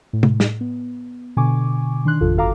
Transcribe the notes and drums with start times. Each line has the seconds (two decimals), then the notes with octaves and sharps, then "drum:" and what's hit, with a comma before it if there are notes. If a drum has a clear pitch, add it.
0.13 A2
0.23 drum: tom C3
0.40 drum: snare
0.61 B3
1.37 B2 D3 G#5 C#6 D6
2.05 D#3 D4 C6 F#6
2.20 A1 F2 C3 F4 A4
2.37 G1 F#4 A4 F5 A#5 D6